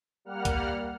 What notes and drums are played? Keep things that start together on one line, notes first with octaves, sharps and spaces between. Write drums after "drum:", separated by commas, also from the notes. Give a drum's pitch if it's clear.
G3 A#3 F#5 F6
drum: kick C#2, hi-hat